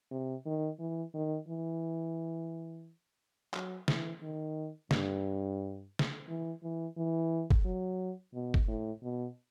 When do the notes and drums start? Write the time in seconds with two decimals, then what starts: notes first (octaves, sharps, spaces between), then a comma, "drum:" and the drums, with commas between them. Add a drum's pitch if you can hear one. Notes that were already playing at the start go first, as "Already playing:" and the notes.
0.11 C3
0.46 D#3
0.79 E3
1.14 D#3
1.48 E3
3.54 F#3, drum: clap
3.88 E3, drum: snare
4.22 D#3
4.91 G2, drum: snare
5.99 drum: snare
6.28 E3
6.63 E3
6.97 E3
7.51 drum: kick G1
7.65 F#3
8.34 B2
8.54 drum: kick G1
8.68 A2
9.03 B2